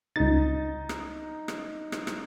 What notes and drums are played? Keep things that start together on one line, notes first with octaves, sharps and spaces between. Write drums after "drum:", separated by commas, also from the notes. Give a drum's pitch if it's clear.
C#2 D#4 A6
drum: rim click
drum: rim click
drum: rim click
drum: rim click